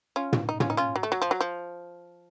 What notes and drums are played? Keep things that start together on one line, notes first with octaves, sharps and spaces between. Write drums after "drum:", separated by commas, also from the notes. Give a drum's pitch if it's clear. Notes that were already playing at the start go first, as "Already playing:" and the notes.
C#4 F4
drum: tom
D#4
C#4 F4, drum: tom
D#4
C#4 F4
F#3
A3
F#3
F3
F#3
F3